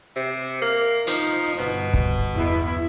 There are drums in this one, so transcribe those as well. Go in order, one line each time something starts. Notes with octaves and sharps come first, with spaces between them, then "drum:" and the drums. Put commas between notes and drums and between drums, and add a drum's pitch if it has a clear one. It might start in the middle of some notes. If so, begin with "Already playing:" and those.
C3
A#3
F3 D#4, drum: hi-hat
G1 B2
drum: kick
E2 E4